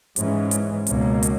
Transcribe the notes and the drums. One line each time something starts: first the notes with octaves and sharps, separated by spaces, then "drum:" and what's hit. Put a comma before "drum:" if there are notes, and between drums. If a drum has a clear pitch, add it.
G#2 E3 G#3 C#4, drum: hi-hat
drum: hi-hat
C#2 B2 A#3 C#4, drum: hi-hat
drum: hi-hat